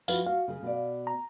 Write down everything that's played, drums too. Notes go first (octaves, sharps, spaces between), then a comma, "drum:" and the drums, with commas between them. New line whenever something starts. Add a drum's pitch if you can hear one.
F3 E4 F#4 B4 F5, drum: tambourine
F#4 F5
C#3 G#4
B2 D5
A#5